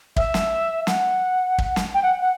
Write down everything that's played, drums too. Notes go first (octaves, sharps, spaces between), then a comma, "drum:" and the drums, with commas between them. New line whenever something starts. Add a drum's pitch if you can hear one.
E5, drum: kick
drum: snare
F#5, drum: snare
drum: kick
drum: snare
G5
F#5
F#5